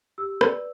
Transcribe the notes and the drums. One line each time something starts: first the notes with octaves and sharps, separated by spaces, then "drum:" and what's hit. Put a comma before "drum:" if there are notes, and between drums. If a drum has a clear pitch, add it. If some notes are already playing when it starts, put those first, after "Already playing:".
G4 E6
B4 D5, drum: rim click